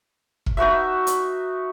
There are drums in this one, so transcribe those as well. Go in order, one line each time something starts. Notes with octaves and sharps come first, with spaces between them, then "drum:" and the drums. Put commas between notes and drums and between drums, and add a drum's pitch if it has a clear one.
drum: kick
D#4 F#4 B4 E5
drum: hi-hat